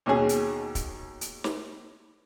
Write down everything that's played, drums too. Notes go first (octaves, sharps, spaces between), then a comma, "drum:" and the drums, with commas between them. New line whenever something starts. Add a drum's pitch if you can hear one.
D#2 B2 C#4 G#4
drum: hi-hat
drum: kick, hi-hat
drum: hi-hat
drum: snare